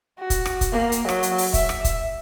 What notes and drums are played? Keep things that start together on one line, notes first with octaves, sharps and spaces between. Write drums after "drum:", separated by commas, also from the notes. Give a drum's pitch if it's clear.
F#4
drum: kick, hi-hat
drum: rim click
drum: kick, hi-hat
A#3
drum: hi-hat
F#3, drum: rim click
drum: hi-hat
drum: open hi-hat
E5, drum: kick, hi-hat
drum: rim click
drum: kick, hi-hat